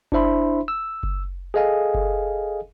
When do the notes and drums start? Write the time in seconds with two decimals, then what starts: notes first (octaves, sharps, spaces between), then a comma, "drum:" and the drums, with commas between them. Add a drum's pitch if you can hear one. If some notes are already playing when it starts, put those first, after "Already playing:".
0.12 D4 E4 C5 E5 B5 C6, drum: kick F#1
0.68 E6
1.03 drum: kick F#1
1.54 G#4 A4 D#5 F5 G#5
1.94 drum: kick F#1